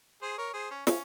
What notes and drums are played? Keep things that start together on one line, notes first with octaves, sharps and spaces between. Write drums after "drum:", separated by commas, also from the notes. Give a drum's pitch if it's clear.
G#4 C5
A#4 C#5
G#4 C5
C#4
C#4, drum: snare